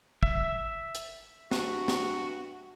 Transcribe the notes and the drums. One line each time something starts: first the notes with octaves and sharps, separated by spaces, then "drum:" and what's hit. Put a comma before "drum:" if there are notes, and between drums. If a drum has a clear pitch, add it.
E5, drum: kick
drum: hi-hat
G2 F#4, drum: snare
drum: snare